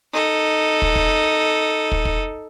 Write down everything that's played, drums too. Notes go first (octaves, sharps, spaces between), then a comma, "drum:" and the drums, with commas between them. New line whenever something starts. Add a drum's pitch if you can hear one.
D#4 A4
drum: kick
drum: kick
drum: kick
drum: kick